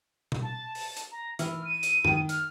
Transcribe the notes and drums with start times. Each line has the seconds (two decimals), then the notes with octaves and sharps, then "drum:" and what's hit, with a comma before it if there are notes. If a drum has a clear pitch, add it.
0.32 drum: tom B2
0.42 A5
0.75 drum: open hi-hat
0.97 drum: hi-hat
1.12 A#5
1.39 E3 F6, drum: hi-hat
1.65 D#7
1.83 drum: hi-hat
2.05 D#3, drum: tom F#2
2.29 F6, drum: hi-hat